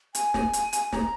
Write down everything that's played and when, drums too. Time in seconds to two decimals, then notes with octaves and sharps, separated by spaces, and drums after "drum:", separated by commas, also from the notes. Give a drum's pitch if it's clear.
0.15 G#5, drum: hi-hat
0.34 drum: snare
0.53 drum: hi-hat
0.73 drum: hi-hat
0.92 A#5, drum: snare